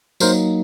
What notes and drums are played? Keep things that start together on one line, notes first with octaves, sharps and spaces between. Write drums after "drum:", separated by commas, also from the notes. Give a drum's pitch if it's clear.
F#3 A#3 D#4 A#4 C5, drum: tambourine